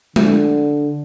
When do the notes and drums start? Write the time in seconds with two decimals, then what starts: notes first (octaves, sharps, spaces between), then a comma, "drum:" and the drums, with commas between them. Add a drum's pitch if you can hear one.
0.16 D3, drum: tom G#3